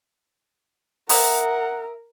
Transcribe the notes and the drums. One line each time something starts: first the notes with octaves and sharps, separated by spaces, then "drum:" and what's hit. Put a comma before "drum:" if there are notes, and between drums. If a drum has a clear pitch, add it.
A#4 E5 F#5 A#5 D#6, drum: open hi-hat